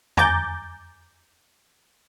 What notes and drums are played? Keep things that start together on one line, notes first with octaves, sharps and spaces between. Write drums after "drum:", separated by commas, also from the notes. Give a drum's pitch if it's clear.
G#5 A#5 D6 G6 A6, drum: tom E2